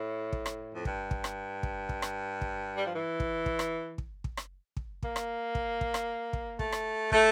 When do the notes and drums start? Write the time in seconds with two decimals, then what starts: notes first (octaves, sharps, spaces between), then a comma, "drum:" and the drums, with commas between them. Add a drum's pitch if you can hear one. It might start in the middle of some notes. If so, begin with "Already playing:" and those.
Already playing: A2
0.33 drum: kick
0.46 drum: rim click
0.75 F2
0.85 G2, drum: kick
1.11 drum: kick
1.24 drum: rim click
1.63 drum: kick
1.89 drum: kick
2.02 drum: rim click
2.41 drum: kick
2.75 G3
2.84 F3
2.93 E3
3.20 drum: kick
3.46 drum: kick
3.59 drum: rim click
3.98 drum: kick
4.24 drum: kick
4.37 drum: rim click
4.77 drum: kick
5.03 A#3, drum: kick
5.16 drum: rim click
5.55 drum: kick
5.81 drum: kick
5.94 drum: rim click
6.33 drum: kick
6.59 A3, drum: kick
6.72 drum: rim click
7.12 A3, drum: kick